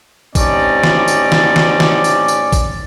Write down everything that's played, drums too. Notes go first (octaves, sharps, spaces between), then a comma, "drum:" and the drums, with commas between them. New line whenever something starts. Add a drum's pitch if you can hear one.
A2 C3 C#4 D#4 D5, drum: kick, tambourine
drum: snare
drum: tambourine
drum: snare
drum: snare
drum: snare
drum: tambourine
drum: tambourine
drum: kick, tambourine